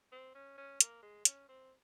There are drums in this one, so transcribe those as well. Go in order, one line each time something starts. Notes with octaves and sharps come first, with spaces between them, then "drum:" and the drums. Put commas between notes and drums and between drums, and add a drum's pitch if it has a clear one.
C4
C#4
C#4
A#3, drum: hi-hat
G#3
C#4, drum: hi-hat
C4